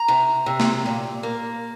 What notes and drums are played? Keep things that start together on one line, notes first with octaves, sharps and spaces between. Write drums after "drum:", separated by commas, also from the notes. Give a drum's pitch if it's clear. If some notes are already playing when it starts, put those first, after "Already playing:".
Already playing: A#5
C3
C3
drum: snare
A#2
A#3